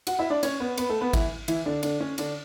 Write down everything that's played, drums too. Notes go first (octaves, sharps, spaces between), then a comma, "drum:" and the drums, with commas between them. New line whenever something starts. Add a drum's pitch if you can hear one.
F#4 F#5, drum: cymbal
E4 E5
D4 D5
C#4 C#5, drum: cymbal
B3 B4
B3 B4, drum: cymbal
A3 A4
B3 B4
E3 E4, drum: kick G#1, cymbal
E3 E4, drum: cymbal
D3 D4
D3 D4, drum: cymbal
C#4
D3 D4, drum: cymbal